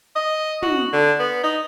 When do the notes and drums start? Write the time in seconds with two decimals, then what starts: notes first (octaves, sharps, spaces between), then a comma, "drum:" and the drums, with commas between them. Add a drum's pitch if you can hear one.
0.16 D#5
0.62 F#4, drum: tom
0.93 D3
1.19 B3
1.43 D#4